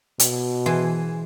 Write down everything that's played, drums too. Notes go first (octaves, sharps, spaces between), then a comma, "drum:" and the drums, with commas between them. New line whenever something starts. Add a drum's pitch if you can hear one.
B2, drum: hi-hat
E3 G#4 C5